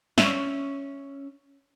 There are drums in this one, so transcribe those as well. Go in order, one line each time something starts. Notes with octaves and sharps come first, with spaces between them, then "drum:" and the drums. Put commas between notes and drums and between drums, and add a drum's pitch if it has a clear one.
C#4 E5, drum: snare